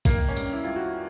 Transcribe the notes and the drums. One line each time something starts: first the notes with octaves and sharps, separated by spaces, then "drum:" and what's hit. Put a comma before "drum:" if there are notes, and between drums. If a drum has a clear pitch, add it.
D#3 A#3, drum: kick, tambourine
C#4
G2, drum: tambourine
E4
G2 F4
F#4